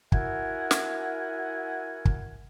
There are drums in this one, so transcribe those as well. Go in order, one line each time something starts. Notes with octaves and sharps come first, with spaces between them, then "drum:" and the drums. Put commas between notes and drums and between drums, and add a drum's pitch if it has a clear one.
E4 F#4 A#4 E5 F#5 G#5, drum: kick
drum: snare
drum: kick